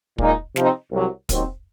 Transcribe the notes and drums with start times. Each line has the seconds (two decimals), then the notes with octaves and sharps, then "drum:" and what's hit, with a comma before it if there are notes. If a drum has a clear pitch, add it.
0.18 A#2 G#3 D#4, drum: kick
0.56 C3 F3 C4 D#4, drum: snare
0.92 C2 C3 F#3
1.29 D#2 D#3 F#3 C4 D#4, drum: kick, hi-hat